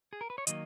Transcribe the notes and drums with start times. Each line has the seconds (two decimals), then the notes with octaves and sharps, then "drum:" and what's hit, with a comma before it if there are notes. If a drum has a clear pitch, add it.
0.13 G#4
0.21 A#4
0.30 B4
0.38 C#5
0.47 D#3 F#3 A#3 D#5, drum: hi-hat